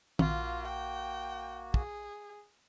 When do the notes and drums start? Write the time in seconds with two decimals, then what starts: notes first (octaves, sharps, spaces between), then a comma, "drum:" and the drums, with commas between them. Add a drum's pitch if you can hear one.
0.19 A#1 A#3 F4 F#4, drum: tom
0.67 G5
1.74 G#4, drum: kick